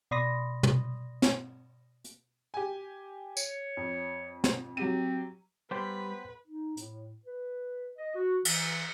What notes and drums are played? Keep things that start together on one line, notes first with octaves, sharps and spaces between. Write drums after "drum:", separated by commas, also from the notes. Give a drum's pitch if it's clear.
B2 D5 B5 C6 D#6 A#6
drum: tom
drum: snare
drum: hi-hat
G4 G#5
C#5, drum: tambourine
F2
drum: snare
F#3 C4 G4 D#7
G3 B3 B4 C5 G5 C6
D#4
A2, drum: hi-hat
B4
D#5
F#4
E3, drum: cymbal